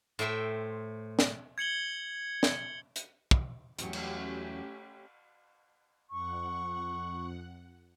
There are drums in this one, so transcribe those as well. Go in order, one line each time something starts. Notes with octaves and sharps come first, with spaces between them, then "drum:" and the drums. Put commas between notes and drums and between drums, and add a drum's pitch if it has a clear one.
A2 C5 E5 G5 C6
drum: snare
G#6 C#7 F#7 G7
drum: snare
drum: hi-hat
drum: kick
E2 F#3 A3 C#4 G4, drum: hi-hat
drum: cymbal
F2 F#5 C#6